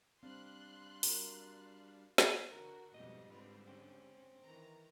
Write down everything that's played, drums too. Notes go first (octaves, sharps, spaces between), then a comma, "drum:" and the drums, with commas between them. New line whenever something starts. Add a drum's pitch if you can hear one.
G3 C4 D4 F5 C6 F#6
F#4 A#4, drum: open hi-hat
drum: snare
D3 F#4 A#4
F2 G#2 B2 D3 G3 D#5
C4 F4 B4
C4 C#4
D#3 E3 A#5